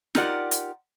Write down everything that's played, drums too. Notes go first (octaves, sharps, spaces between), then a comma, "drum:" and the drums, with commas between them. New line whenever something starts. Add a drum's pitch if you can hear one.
D#4 F4 G4 A#4 D5 F#5, drum: snare
drum: hi-hat